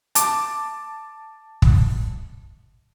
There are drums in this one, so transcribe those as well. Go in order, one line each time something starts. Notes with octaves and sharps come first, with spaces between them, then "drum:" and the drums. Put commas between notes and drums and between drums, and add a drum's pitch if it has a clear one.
A5 D6, drum: hi-hat
drum: kick